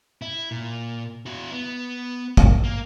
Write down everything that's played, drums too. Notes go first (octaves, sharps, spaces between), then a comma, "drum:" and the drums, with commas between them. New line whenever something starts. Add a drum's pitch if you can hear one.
E4
A#2
E4 F#4
B3
drum: kick
A#3